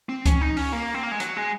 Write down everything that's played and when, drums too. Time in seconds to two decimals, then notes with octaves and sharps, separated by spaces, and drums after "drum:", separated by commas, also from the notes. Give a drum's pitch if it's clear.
0.09 C4
0.26 C#4, drum: kick C#2, hi-hat
0.41 D#4
0.57 C#4, drum: open hi-hat
0.73 A#3
0.94 C4
1.03 A#3
1.12 G#3
1.20 F#3, drum: hi-hat
1.37 G#3